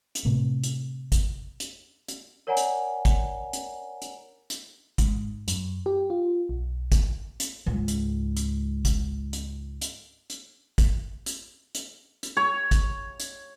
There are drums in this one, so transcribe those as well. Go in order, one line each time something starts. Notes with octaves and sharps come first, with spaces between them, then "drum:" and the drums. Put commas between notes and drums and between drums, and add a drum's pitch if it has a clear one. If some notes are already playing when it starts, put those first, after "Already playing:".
drum: hi-hat
A2 C3
drum: hi-hat
drum: kick A1, hi-hat
drum: hi-hat
drum: hi-hat
A#4 C#5 D5 F#5 G#5 A#5
drum: hi-hat
drum: kick A1, hi-hat
drum: hi-hat
drum: hi-hat
drum: hi-hat
G#2, drum: kick A1, hi-hat
F#2, drum: hi-hat
G4
F4
B1
drum: kick A1, hi-hat
drum: hi-hat
C#2 G#2
drum: hi-hat
drum: hi-hat
drum: kick A1, hi-hat
drum: hi-hat
drum: hi-hat
drum: hi-hat
drum: kick A1, hi-hat
drum: hi-hat
drum: hi-hat
drum: hi-hat
C#5
drum: kick A1, hi-hat
drum: hi-hat